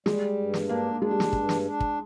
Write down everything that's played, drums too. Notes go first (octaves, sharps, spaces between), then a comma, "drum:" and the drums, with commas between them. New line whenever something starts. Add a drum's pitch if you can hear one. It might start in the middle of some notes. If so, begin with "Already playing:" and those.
G3 G#3, drum: snare
G2
drum: snare
A#3 D4
G#3 D4
G3
G#3, drum: snare
G2, drum: kick
drum: snare
D4
drum: kick